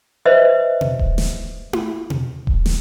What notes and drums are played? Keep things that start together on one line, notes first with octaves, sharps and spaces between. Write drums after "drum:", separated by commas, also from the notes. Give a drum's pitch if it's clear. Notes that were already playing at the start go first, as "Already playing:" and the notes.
B4 C5 D#5 E5
drum: tom B2
drum: kick D#1
drum: snare
drum: tom E4
drum: tom B2
drum: kick D#1
drum: snare